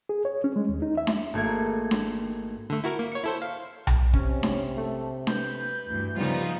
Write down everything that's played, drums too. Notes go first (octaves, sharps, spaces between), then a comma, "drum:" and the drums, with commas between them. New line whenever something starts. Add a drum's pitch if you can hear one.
G#4
C#5
C#4
G#3
D#2
D#4
E5
drum: snare D4
G#1 A3 A#3 G#6
drum: snare D4
D3 A3
E4 F#4 A#4
A#3
C#5 C#7
E4 A4 C5
F5
drum: tom B1
C3 C#4, drum: kick
drum: snare D4
A3
B4 G6, drum: snare D4
D2 G2 E3
C#3 F3 G3 B3 D#4 F4